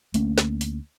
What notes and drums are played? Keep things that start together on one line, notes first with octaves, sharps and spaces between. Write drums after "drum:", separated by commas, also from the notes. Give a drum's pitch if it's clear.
D2 A3 A#3 C#4, drum: hi-hat
drum: snare
drum: hi-hat